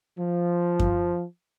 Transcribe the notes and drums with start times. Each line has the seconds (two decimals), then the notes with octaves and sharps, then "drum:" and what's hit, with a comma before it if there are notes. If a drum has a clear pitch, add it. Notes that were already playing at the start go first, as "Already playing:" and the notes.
0.18 F3
0.79 drum: kick F#2